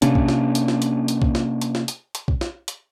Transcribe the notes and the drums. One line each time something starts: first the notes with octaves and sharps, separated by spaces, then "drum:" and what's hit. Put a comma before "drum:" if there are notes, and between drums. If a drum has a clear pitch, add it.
C3 A#3 C#4 D4, drum: hi-hat
drum: kick B1
drum: snare
drum: hi-hat
drum: snare
drum: hi-hat
drum: hi-hat
drum: kick B1
drum: snare
drum: hi-hat
drum: snare
drum: hi-hat
drum: hi-hat
drum: kick B1
drum: snare
drum: hi-hat